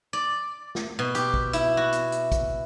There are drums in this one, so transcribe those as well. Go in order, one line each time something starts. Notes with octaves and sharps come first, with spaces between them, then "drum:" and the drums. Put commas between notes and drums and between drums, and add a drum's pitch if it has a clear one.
D5
drum: snare
B2
G4, drum: hi-hat
drum: kick
E4, drum: hi-hat
F#4
drum: hi-hat
drum: hi-hat
drum: kick, hi-hat